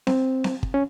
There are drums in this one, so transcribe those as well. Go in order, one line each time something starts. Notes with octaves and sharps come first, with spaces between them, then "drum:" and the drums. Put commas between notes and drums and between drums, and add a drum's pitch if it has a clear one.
C4, drum: snare C4
drum: snare C4
drum: kick
C#4